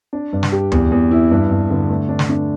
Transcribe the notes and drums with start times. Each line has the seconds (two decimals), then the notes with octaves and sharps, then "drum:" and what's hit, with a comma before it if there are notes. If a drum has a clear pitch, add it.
0.13 D4
0.33 G2
0.43 drum: snare
0.52 G4
0.72 E2, drum: tom D2
0.91 E2
1.11 E4
1.31 G2
1.51 G2
1.70 D3
1.90 A3
2.09 D4
2.19 drum: snare
2.29 D4